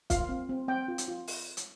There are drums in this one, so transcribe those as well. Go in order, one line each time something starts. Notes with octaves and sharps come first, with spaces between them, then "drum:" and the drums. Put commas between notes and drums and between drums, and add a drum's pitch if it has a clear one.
F4 F5, drum: kick, hi-hat
C4
C4
C4 G5
F4
drum: hi-hat
F4
drum: open hi-hat
drum: hi-hat